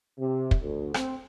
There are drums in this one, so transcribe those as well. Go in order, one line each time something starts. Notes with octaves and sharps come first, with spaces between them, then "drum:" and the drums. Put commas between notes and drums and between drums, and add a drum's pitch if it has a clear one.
C3
drum: kick
D2
C4, drum: rim click